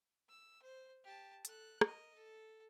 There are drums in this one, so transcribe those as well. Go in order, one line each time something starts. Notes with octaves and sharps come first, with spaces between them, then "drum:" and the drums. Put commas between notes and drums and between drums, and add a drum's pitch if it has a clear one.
E6
C5
G4 A5
A4 F#6, drum: hi-hat
A#4 D#5, drum: rim click
A4